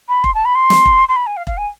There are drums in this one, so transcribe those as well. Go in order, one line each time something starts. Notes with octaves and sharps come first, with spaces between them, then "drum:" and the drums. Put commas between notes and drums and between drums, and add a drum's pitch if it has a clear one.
B5
C6, drum: kick E1
A5
B5
C6
drum: snare
drum: kick E1
C6
B5
G#5
F5
F5, drum: kick E1
G#5